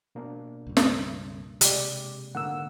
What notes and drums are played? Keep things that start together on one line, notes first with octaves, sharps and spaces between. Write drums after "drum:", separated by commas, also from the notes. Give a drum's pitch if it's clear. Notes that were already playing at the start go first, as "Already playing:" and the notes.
B2 A#3 D4
C#2 G2
drum: snare
C3 G#3 G4 D5, drum: hi-hat
G#2 D3 A#3 F#5 E6